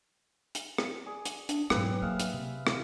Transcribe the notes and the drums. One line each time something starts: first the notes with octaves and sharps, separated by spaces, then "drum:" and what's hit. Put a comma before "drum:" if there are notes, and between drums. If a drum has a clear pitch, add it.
drum: hi-hat
drum: rim click
G#4 D5
drum: hi-hat
D4, drum: hi-hat
G#2 F#3 B3 C4 B4, drum: rim click
A#3 G#4 E5 F5
drum: hi-hat
C3
drum: rim click